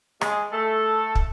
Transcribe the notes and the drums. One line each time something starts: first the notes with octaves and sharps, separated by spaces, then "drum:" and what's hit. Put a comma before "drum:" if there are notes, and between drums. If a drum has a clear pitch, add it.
G#3 G#4, drum: rim click
A3 A4
drum: kick